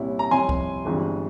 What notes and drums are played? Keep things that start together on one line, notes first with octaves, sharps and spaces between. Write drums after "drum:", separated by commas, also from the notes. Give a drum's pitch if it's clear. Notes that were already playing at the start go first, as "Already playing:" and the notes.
Already playing: C2 A#2 G3 C#4 E4
A#5
F2 C3 G3 C#4 E4 G#5 C6
drum: kick
G1 G2 E3 G#3 C4